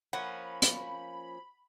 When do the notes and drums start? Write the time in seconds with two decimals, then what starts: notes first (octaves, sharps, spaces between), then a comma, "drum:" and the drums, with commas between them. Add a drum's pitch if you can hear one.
0.13 F3 A#3 C#4 F#5 B5
0.62 drum: hi-hat